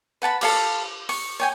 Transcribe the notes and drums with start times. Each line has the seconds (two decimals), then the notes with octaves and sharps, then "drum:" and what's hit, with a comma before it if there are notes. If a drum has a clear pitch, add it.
0.22 B4 F#5 A5 B5
0.41 A4 F5 B5, drum: cymbal
1.09 C#6, drum: open hi-hat
1.40 C#5 G5 G#5